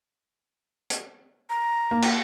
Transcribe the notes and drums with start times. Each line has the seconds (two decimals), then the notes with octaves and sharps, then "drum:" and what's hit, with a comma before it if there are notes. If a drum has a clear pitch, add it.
0.90 drum: hi-hat
1.50 A#5
1.91 A#3
2.02 drum: cymbal